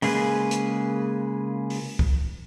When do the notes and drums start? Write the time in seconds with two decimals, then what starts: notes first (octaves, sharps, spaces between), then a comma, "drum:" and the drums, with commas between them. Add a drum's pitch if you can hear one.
0.02 C#3 G#3 A#3 G#4 B4, drum: open hi-hat
0.51 drum: hi-hat
1.70 drum: open hi-hat
1.99 drum: kick C2